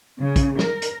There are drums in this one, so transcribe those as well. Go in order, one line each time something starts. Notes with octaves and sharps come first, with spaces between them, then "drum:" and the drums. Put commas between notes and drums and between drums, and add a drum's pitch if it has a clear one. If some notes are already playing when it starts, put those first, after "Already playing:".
C#3
drum: kick, hi-hat
A#4, drum: snare
drum: hi-hat